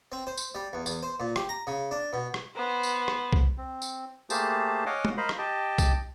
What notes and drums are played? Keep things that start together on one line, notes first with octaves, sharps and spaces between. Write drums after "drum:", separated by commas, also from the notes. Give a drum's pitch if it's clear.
C4
C5
drum: tambourine
G3
E2
E2, drum: tambourine
C5
A#2
G4, drum: rim click
A#5
C#3
D4
B2
drum: rim click
B3 C5
drum: tambourine
drum: rim click
drum: kick C2
C4
drum: tambourine
A3 A#3 G4 G#4 C5 A5, drum: tambourine
C#5 D#5 F5 F#5 G#5 D6
drum: tom
A#4 C5 D#5 F5 B5
drum: rim click
G4 D#5 G5 A5
drum: kick C2, tambourine